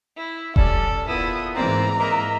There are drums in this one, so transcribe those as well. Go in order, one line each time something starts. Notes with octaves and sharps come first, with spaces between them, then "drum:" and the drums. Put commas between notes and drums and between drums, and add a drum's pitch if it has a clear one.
E4
G3 C#4 A4 D5, drum: kick E1
E2 A#2 B3 E4 D#6
G#2 E3 A#3 C4 D5 A#5
A#3 A#4 D#5 E5